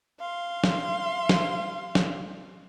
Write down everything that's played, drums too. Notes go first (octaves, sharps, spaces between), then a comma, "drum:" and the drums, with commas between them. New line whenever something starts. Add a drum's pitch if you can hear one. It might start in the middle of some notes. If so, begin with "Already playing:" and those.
F5 C6
drum: snare
drum: snare
drum: snare